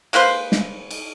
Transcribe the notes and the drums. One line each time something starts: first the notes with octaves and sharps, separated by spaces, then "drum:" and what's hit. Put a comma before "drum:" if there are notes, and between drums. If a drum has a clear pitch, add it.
G#3 A#3 B4 C5, drum: cymbal
drum: snare
drum: cymbal